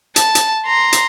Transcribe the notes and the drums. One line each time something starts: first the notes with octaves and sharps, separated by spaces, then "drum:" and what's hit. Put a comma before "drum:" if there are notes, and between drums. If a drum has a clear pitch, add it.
A5, drum: hi-hat
drum: hi-hat
A#5 C6
drum: hi-hat